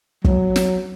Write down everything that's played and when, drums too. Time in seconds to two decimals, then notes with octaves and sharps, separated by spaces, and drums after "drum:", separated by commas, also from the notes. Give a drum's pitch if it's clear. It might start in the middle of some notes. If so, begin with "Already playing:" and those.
0.24 F#3, drum: kick
0.56 drum: snare